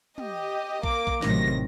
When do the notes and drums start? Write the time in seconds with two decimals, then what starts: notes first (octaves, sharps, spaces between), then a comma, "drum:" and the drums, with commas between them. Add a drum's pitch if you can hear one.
0.18 G4 D#5, drum: tom
0.83 A#3 D6, drum: kick B1
1.07 drum: kick B1
1.22 A1 A2 C3 D#3 F#3 A#6, drum: snare